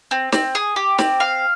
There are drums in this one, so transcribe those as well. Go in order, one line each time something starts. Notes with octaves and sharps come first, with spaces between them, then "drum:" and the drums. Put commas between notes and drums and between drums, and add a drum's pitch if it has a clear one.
C4
C4, drum: snare
G#4
G4
C4, drum: snare
F5